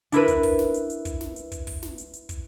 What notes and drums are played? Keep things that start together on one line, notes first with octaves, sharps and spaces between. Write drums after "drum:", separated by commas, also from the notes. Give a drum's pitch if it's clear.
D4 E4 A#4 B4, drum: hi-hat
drum: kick, hi-hat
drum: kick, open hi-hat
drum: snare
drum: hi-hat
drum: hi-hat
drum: kick, hi-hat
drum: snare
drum: hi-hat
drum: kick, hi-hat
drum: kick, open hi-hat
drum: snare
drum: hi-hat
drum: hi-hat
drum: kick, hi-hat